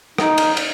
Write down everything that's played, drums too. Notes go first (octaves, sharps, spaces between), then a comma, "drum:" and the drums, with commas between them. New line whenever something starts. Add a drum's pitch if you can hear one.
D#4, drum: rim click
drum: cymbal
drum: cymbal